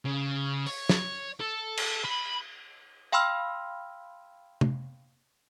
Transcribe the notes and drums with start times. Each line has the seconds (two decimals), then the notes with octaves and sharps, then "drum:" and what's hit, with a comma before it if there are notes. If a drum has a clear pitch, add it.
0.05 C#3
0.66 C#5, drum: open hi-hat
0.89 drum: snare
1.40 A4
1.77 drum: cymbal
2.04 B5
3.12 F5 G5 B5 C6 E6 F6
4.61 drum: tom C3